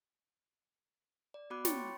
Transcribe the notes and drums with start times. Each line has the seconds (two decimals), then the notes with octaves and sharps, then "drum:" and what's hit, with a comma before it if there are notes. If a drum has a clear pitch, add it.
1.34 D5
1.50 B3 F#4 B5 D6 F#6
1.65 C#5 G5 B5 C#6 A6 C#7, drum: snare
1.77 C6